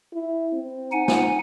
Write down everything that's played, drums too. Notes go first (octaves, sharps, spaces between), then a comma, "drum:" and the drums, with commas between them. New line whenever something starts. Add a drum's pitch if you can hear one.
E4
C4
D#4 F#5 G#5
drum: snare